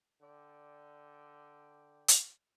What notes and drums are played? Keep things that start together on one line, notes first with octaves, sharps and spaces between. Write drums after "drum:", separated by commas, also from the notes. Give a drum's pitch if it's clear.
D3 D5 G5
drum: hi-hat